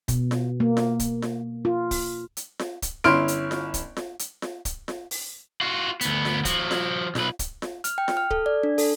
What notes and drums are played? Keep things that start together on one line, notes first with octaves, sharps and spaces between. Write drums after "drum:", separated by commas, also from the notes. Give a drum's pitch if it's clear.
B2, drum: kick, hi-hat
drum: snare F4
A#3
drum: snare F4
drum: kick, hi-hat
drum: snare F4
F4
drum: kick, open hi-hat
drum: hi-hat
drum: snare F4
drum: kick, hi-hat
G1 C#4 E4 C6 F6 D7, drum: snare F4
drum: hi-hat
drum: snare F4
drum: kick, hi-hat
drum: snare F4
drum: hi-hat
drum: snare F4
drum: kick, hi-hat
drum: snare F4
drum: open hi-hat
F4 F#4
D2 B3, drum: hi-hat
drum: snare F4
F3 F#4, drum: kick, hi-hat
drum: snare F4
B1 B4, drum: snare F4
drum: kick, hi-hat
drum: snare F4
F6, drum: hi-hat
G5
drum: snare F4
F6
A4, drum: kick
D5
D4
A4, drum: open hi-hat